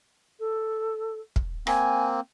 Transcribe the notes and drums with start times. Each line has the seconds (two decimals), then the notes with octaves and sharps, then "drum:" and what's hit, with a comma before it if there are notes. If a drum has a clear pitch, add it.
0.39 A4
1.36 drum: kick
1.67 A#3 C4 G#5, drum: rim click